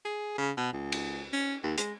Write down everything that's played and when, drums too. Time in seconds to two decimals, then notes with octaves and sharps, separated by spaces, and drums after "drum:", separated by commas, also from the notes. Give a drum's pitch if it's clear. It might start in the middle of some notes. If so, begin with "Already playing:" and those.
0.05 G#4
0.38 C#3
0.57 B2
0.73 C#2
0.92 drum: cymbal
1.33 C#4
1.64 D#2
1.78 G#3, drum: hi-hat